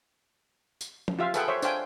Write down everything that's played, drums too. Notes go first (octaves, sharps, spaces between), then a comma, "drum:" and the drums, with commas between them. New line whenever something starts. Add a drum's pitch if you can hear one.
drum: tambourine
drum: tom F3
F4 G4 E5 F5
G#4 A4 B4 E5 F#5 G5, drum: tambourine
C5 C#5 E5
D4 C5 F5 G5 G#5, drum: tambourine